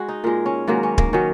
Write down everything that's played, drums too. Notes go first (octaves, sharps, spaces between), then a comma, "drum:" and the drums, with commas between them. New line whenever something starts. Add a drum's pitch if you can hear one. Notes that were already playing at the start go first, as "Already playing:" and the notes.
Already playing: G#3 F#4
D#4
A#2 G#3 A#4
C#4
G#2 D#3 F#3 A#3
C#4
A#3, drum: kick
D#3 F#3 C#4